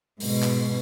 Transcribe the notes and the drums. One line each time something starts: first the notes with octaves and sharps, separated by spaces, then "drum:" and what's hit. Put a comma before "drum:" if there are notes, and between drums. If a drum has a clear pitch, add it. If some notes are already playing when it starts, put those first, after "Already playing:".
G#2 B2, drum: open hi-hat
drum: clap